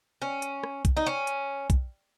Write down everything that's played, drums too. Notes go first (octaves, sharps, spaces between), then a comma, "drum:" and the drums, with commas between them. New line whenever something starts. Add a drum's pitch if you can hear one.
C#4
drum: hi-hat
drum: rim click
drum: kick, hi-hat
D#4
C#4
drum: hi-hat
drum: kick, hi-hat